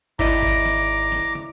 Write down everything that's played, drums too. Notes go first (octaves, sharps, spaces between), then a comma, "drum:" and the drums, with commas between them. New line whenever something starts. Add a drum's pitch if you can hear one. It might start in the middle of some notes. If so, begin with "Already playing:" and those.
G#1 E4 D5 D#5 A#5 D6, drum: kick G#1
drum: kick G#1
drum: snare
drum: snare
drum: tom